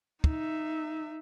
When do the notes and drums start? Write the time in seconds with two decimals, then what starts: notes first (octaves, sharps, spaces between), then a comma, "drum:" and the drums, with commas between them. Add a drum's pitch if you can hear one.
0.24 D#4 E5, drum: kick